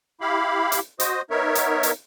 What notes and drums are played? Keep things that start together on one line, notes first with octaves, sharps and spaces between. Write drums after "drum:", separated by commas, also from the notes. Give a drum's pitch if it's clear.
E4 G4 F5 B5
drum: hi-hat
F#4 C5 D#5 D#6, drum: hi-hat
B3 D#4 A#4 C#5 E5
drum: hi-hat
drum: hi-hat